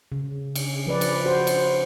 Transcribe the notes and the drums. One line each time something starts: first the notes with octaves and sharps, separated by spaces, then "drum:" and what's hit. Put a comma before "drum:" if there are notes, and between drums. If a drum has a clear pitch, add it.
C#3
drum: cymbal
F3 B4 D5
drum: cymbal
F#4 C5
drum: cymbal